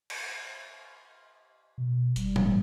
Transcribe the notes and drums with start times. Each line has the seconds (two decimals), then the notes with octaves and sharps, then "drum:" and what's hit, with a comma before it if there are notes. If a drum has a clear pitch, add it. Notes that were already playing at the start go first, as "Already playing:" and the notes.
0.10 drum: cymbal
1.78 B2
2.16 F#1 G3, drum: hi-hat
2.36 drum: tom G#2